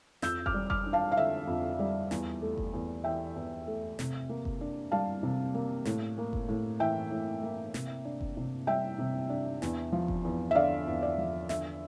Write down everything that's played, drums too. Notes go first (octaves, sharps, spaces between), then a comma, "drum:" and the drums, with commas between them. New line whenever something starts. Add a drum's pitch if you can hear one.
F2 E6 G6, drum: snare
D6 F6, drum: kick F#1
G3
D6 F6, drum: kick F#1
D4
F5 A5
F5
D3 E5
F2
G3
E2, drum: snare
A3
drum: kick F#1
E2
E3 E5 G5
E2
A3
C3, drum: snare
A#3
drum: kick F#1
D4
G3 F5 A5
C3
A#3
A2, drum: snare
A#3
drum: kick F#1
A2
E3 E5 G5
A2
A#3
C3, drum: snare
D4
drum: kick F#1
C3
G3 E5 G5
C3
D4
E2, drum: snare
F3
drum: kick F#1
E2
E5
D3 D5 F5
E2
D5
F3
D3 E5, drum: snare